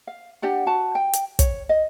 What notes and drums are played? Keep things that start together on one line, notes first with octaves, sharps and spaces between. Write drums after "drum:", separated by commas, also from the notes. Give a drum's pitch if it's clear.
F5
D4 G4 D5 F#5
F#4 A5
G5
drum: hi-hat
C#5, drum: kick, hi-hat
D#5